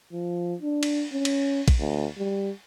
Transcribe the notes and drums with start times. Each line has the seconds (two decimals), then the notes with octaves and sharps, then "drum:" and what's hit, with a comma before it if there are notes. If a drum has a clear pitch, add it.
0.12 F3
0.61 D4
0.83 drum: cymbal
1.13 C#4
1.25 drum: cymbal
1.68 drum: kick, cymbal
1.80 D2
2.18 G3